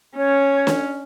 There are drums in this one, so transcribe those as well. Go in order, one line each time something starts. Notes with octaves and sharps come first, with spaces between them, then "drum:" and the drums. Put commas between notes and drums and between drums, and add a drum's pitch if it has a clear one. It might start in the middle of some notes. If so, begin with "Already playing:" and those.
C#4 C#5
drum: snare